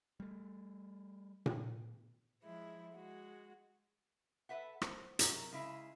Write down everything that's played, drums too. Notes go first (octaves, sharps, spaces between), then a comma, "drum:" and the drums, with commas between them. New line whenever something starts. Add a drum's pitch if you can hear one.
G3 A3
drum: tom A#2
F3 G#3 E4
G#3 F#4
A4 B4 E5 F#5
C5, drum: rim click
C3 F#3 A#4, drum: hi-hat
C#3 G#3 C#4 E4